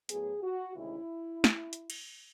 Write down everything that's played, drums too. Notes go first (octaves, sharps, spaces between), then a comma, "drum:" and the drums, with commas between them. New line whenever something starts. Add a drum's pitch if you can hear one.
A2 F#3 B3 G#4, drum: hi-hat
F#4
D2 C3 D#3 G#3 C#4 E4
drum: snare
drum: hi-hat
drum: cymbal